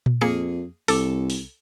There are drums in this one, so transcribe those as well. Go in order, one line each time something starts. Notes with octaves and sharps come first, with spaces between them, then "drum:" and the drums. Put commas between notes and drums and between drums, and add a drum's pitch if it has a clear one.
drum: tom A#2
F2 A#3 G#4 C#7
C2 A4 D6, drum: open hi-hat
drum: open hi-hat